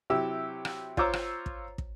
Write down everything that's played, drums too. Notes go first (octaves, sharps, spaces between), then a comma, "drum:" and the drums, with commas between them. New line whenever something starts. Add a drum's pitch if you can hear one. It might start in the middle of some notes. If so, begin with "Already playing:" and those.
C3 F#3 E4 G4 E6
drum: rim click
F4 C5 C#5 A#5 D6 E6, drum: kick
drum: rim click
drum: kick
drum: kick